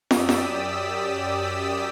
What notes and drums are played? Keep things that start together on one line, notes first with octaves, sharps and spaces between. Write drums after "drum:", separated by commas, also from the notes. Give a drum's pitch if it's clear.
F#2 G4 D5 D#6 E6 B6, drum: snare
drum: snare